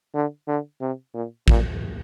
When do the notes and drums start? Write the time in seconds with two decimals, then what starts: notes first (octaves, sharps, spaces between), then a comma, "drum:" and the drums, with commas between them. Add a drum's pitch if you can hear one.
0.15 D3
0.48 D3
0.81 C3
1.15 A#2
1.48 A#2, drum: kick A1